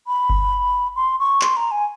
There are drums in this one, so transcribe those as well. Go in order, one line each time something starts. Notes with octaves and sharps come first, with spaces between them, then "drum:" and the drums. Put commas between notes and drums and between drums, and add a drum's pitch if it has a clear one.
B5
drum: kick G1
C6
C#6
C6, drum: clap
A#5
G#5